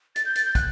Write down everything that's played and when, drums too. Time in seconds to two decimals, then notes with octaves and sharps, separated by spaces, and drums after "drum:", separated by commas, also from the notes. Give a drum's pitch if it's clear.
0.16 A6, drum: hi-hat
0.25 G6
0.35 A6, drum: hi-hat
0.45 G6
0.55 F#6, drum: kick, hi-hat